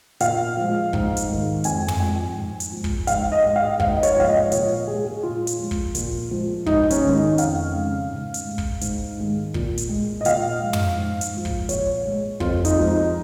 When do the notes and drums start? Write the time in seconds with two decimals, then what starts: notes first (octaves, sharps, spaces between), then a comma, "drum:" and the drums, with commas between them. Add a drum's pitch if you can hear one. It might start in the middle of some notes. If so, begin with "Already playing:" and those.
0.20 A#2 F5, drum: hi-hat
0.57 F3 G#3
0.93 G#2, drum: kick
1.17 drum: hi-hat
1.29 D#3 G#3
1.64 F2 G#5, drum: hi-hat
1.88 drum: tom
2.00 F3 G#3 G#5
2.16 G#5
2.37 G#2
2.60 drum: hi-hat
2.72 F3 G#3
2.84 drum: kick
3.07 G#2 F5, drum: hi-hat
3.32 D#5
3.43 G#3
3.56 F5
3.80 G#2 F5, drum: kick
3.97 D#5
4.03 C#5, drum: hi-hat
4.16 F3 G#3 F5
4.28 D#5
4.52 A#2 C#5, drum: hi-hat
4.88 G#3 G#4
5.05 G#4
5.23 A#2 F4
5.47 drum: hi-hat
5.58 F3 G#3
5.71 drum: kick
5.95 A#2, drum: hi-hat
6.31 F3 G#3
6.66 G#2 D#4, drum: kick
6.90 C#4, drum: hi-hat
7.03 D#3 G#3
7.14 D#4
7.38 F2 F5, drum: hi-hat
7.74 C#3 G#3
8.10 G#2
8.34 drum: hi-hat
8.45 G#3
8.58 drum: kick
8.81 G#2, drum: hi-hat
9.18 D#3 G#3
9.54 A#2, drum: kick
9.78 drum: hi-hat
9.89 G#3
10.21 D#5
10.25 A#2 F5, drum: hi-hat
10.62 F3 G#3
10.73 drum: tom
10.97 G#2
11.21 drum: hi-hat
11.33 F3 G#3
11.45 drum: kick
11.69 A#2 C#5, drum: hi-hat
12.05 G#3
12.40 F2 F4, drum: kick
12.65 D#4, drum: hi-hat
12.77 F3 G#3
12.88 D#4